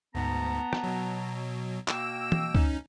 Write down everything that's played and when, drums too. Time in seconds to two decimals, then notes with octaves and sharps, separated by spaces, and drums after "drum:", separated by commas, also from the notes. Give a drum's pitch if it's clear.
0.15 D2 G#2 B3 A5 A#5
0.73 drum: rim click
0.84 B2 F#3
1.88 B2 A#3 G5 E6, drum: clap
2.32 drum: tom E3
2.55 C#4 D#4, drum: kick C#2